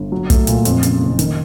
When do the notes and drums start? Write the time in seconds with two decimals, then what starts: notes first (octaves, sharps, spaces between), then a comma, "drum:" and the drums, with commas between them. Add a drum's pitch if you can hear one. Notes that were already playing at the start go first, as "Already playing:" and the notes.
Already playing: G1
0.12 F#3
0.30 A3, drum: kick, hi-hat
0.47 A#2, drum: hi-hat
0.65 F2, drum: hi-hat
0.83 C#3, drum: hi-hat
1.01 F#1
1.19 D#3, drum: hi-hat